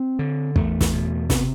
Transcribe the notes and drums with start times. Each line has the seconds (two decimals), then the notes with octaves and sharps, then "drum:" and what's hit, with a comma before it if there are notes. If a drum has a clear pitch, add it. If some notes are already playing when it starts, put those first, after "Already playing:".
Already playing: C4
0.19 D3
0.56 E2 A3, drum: kick
0.81 drum: snare
0.93 B2
1.30 C3 B3, drum: snare